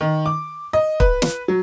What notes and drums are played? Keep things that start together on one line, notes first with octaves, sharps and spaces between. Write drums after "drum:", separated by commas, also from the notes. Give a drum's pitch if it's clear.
D#3
D6
D#5
B4, drum: kick
drum: snare
F#3